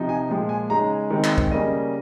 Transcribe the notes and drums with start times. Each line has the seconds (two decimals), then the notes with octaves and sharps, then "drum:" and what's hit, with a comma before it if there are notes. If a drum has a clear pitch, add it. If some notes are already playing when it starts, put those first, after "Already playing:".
Already playing: C3 F3 C4 D#4
0.09 G#5
0.29 A#2 F3 G#3 G5
0.49 G#5
0.70 C#3 G#3 D#4 A#5
0.90 G#5
1.10 D#3 G#3 C4 D#4
1.24 drum: clap
1.38 drum: kick
1.51 C#3 G3 A#3 C#4 D#5